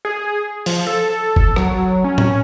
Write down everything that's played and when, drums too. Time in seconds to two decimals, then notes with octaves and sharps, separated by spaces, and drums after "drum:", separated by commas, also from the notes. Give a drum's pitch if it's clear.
0.05 G#4
0.66 F3, drum: open hi-hat
0.87 A4
1.36 drum: kick
1.56 F#3, drum: rim click
2.04 C#4
2.18 drum: tom A2